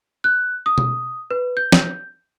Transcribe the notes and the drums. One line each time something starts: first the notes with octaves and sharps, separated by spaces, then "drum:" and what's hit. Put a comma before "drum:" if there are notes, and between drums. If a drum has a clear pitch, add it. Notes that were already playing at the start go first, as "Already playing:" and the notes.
F#6
D#6
drum: tom B2
B4
G6
drum: snare